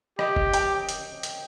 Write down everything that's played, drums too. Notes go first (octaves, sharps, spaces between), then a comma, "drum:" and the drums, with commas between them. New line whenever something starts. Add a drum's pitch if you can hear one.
G4 D#5, drum: rim click
drum: kick F1
G5, drum: hi-hat
drum: hi-hat
drum: hi-hat